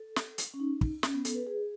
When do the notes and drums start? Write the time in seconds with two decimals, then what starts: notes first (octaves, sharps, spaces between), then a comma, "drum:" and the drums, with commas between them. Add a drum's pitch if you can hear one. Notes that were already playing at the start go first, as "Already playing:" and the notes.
Already playing: A4
0.16 drum: snare
0.38 drum: hi-hat
0.54 C#4
0.60 D#4
0.81 drum: kick
1.03 C#4, drum: snare
1.14 B3
1.25 A4, drum: hi-hat
1.35 B4
1.47 G#4